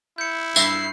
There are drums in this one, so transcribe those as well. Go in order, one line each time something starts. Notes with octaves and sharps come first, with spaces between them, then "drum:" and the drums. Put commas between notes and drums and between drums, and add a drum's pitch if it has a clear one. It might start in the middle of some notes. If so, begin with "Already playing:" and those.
E4 G6 C#7
G2 E5 B5 C7, drum: tambourine